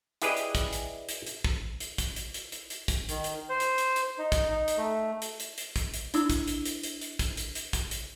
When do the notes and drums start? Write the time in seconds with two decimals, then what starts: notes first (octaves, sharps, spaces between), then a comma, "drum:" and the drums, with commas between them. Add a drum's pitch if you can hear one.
0.22 E4 G4 G#4 B4 D5 D#5, drum: hi-hat
0.37 drum: hi-hat
0.55 drum: kick, hi-hat
0.73 drum: hi-hat
1.09 drum: hi-hat
1.27 drum: hi-hat
1.44 drum: kick
1.80 drum: hi-hat
1.98 drum: kick, hi-hat
2.16 drum: hi-hat
2.34 drum: hi-hat
2.52 drum: hi-hat
2.70 drum: hi-hat
2.88 drum: kick, hi-hat
3.09 D#3, drum: hi-hat
3.24 drum: hi-hat
3.49 C5
3.60 drum: hi-hat
3.78 drum: hi-hat
3.96 drum: hi-hat
4.18 D#4
4.32 drum: kick, hi-hat
4.50 D#4
4.68 drum: hi-hat
4.77 A3
5.22 drum: hi-hat
5.40 drum: hi-hat
5.58 drum: hi-hat
5.76 drum: kick, hi-hat
5.94 drum: hi-hat
6.14 D4 E4 E6, drum: hi-hat
6.30 drum: kick, hi-hat
6.48 drum: hi-hat
6.65 drum: hi-hat
6.83 drum: hi-hat
7.01 drum: hi-hat
7.19 drum: kick, hi-hat
7.37 drum: hi-hat
7.55 drum: hi-hat
7.73 drum: kick, hi-hat
7.91 drum: hi-hat